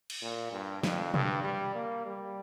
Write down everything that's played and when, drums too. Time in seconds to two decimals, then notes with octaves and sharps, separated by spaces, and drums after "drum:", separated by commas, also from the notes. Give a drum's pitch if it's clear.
0.10 drum: cymbal
0.22 A#2
0.52 G2
0.83 F2, drum: snare
1.14 G2, drum: tom B2
1.44 G3
1.75 A#3
2.06 G3